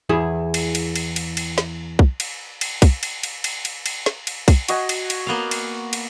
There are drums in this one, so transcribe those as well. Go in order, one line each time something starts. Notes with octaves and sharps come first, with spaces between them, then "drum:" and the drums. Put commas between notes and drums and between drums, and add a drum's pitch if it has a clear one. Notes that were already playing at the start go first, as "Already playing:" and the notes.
E2 E4 G#4
drum: cymbal
drum: cymbal
drum: cymbal
drum: cymbal
drum: cymbal
drum: snare
drum: kick
drum: cymbal
drum: cymbal
drum: kick, cymbal
drum: cymbal
drum: cymbal
drum: cymbal
drum: cymbal
drum: cymbal
drum: snare
drum: cymbal
drum: kick, cymbal
F#4 D#5 G#5, drum: cymbal
drum: cymbal
drum: cymbal
A#3 B3 F5
drum: cymbal
drum: cymbal